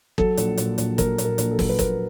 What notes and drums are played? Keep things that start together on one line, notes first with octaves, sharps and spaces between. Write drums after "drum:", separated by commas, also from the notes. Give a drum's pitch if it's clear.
F#3 A4, drum: kick
A#1, drum: hi-hat
A#2, drum: hi-hat
A#1, drum: hi-hat
F#3 A#4, drum: kick, hi-hat
A#2, drum: hi-hat
A#4
A#1, drum: hi-hat
A4
F#3, drum: kick, open hi-hat
B4
A#1 A#4, drum: kick, hi-hat